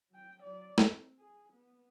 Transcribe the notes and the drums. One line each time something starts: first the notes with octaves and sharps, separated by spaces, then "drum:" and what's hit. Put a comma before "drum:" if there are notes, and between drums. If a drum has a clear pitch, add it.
F#3 G5
F#3 D5
C4, drum: snare
G#4
B3